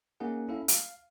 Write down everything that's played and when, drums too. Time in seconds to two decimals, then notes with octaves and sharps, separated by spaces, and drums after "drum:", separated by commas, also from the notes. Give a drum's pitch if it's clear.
0.20 A#3 C#4 D#4 G#4 F#5
0.48 C#4 E4 A4 E5 F5
0.68 F5, drum: hi-hat